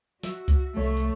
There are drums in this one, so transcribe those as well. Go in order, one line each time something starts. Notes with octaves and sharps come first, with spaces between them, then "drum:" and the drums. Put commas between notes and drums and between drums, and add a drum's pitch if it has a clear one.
F#4 E5, drum: snare
drum: kick C#2, hi-hat
C2 F3 A3 C#5
drum: hi-hat